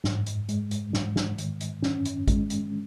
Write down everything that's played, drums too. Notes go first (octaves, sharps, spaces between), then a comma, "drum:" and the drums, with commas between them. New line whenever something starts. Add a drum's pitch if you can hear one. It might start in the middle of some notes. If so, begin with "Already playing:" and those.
G#2, drum: snare
drum: hi-hat
G#3, drum: hi-hat
drum: hi-hat
G#2, drum: snare
drum: snare
D#3, drum: hi-hat
drum: hi-hat
C#4, drum: snare
drum: hi-hat
G#3, drum: kick G#1, hi-hat
drum: hi-hat